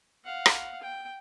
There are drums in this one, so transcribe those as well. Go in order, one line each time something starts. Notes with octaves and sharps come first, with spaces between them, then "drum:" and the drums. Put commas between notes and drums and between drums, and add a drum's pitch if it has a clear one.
F5 F#5
drum: rim click
G5